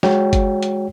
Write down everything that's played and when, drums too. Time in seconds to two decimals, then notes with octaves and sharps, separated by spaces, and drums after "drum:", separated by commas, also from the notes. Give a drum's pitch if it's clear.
0.03 G#3 F#4 C#5 G5, drum: snare
0.33 drum: kick G1, hi-hat
0.62 drum: hi-hat